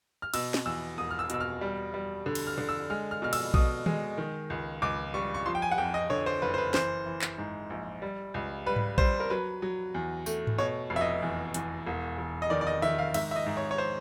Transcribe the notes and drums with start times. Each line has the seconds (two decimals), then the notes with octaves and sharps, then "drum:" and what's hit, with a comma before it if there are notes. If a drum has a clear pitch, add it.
0.22 F6
0.34 B2 E6, drum: cymbal
0.54 drum: snare
0.66 E2 E6
0.98 E1 D#6
1.11 F6
1.19 E6
1.30 B2 E6, drum: hi-hat
1.40 F6
1.61 G3
1.94 G3
2.26 D3
2.35 drum: cymbal
2.47 F6
2.58 D3
2.69 E6
2.90 G#3 F6
3.11 F6
3.22 B2 F6
3.33 E6, drum: cymbal
3.54 B2 D#6, drum: kick A#1
3.86 G#3, drum: tom D#3
4.18 D#3
4.50 C#2
4.82 C#2 D6
5.14 G3 C#6
5.34 C#6
5.46 F3 C6
5.55 G5
5.62 G#5
5.71 F#5
5.78 F2 G5
5.94 D#5
6.10 D3 C#5
6.26 C5
6.42 F#1 B4
6.54 C5
6.58 B4
6.74 E3 C5, drum: snare
7.06 E3
7.22 drum: clap
7.38 G#2
7.70 A#1
8.02 G3
8.34 C#2
8.66 G3 B4
8.76 drum: tom G#2
8.98 G3 C5, drum: kick A#1
9.20 A#4
9.30 F#3 B4
9.62 F#3
9.94 E2
10.26 A3, drum: tambourine
10.47 drum: tom G#2
10.58 B2 C#5
10.90 F1
10.96 E5
11.01 D#5
11.22 E2
11.54 E2, drum: hi-hat
11.87 E1
12.18 E1
12.42 D#5
12.50 D#3 D5
12.61 D5
12.67 D#5
12.82 D#3 E5
12.99 F5
13.14 G#2 E5, drum: cymbal
13.31 E5
13.36 D#5
13.46 G#2
13.57 C#5
13.71 C#5
13.78 C5